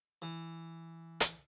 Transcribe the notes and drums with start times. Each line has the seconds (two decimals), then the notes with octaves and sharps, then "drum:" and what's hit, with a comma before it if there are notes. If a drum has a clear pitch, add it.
0.22 E3
1.20 drum: hi-hat